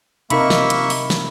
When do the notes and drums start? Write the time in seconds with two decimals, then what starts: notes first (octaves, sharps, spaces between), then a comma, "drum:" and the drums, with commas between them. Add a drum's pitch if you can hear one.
0.30 C3 A#3 D#4 A#4 E5 B5 C#6 B6, drum: hi-hat
0.50 drum: snare
0.70 drum: hi-hat
0.90 drum: open hi-hat
1.10 drum: snare